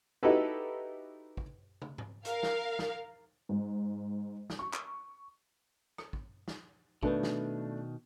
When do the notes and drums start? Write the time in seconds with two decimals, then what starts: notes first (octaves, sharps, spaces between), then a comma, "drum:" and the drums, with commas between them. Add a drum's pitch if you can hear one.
0.23 D#4 E4 F#4 G4 A4 B4
1.37 drum: kick
1.82 drum: tom
1.98 drum: tom G#2
2.25 A#4 F5, drum: hi-hat
2.43 drum: snare
2.79 drum: snare
3.49 G#2
4.50 drum: snare
4.59 C#6
4.73 drum: clap
5.98 drum: rim click
6.13 drum: kick
6.48 drum: snare
7.03 B2 D#3 A3 D4 B4, drum: kick
7.23 drum: snare